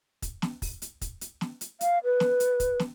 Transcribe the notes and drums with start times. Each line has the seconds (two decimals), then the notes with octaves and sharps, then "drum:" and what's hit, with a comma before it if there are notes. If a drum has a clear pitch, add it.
0.22 drum: kick, hi-hat
0.42 drum: snare
0.62 drum: kick, open hi-hat
0.82 drum: hi-hat
1.01 drum: kick, hi-hat
1.21 drum: hi-hat
1.41 drum: snare
1.61 drum: hi-hat
1.81 F5, drum: hi-hat
2.04 B4
2.20 drum: snare
2.40 drum: hi-hat
2.60 drum: kick, hi-hat
2.80 drum: snare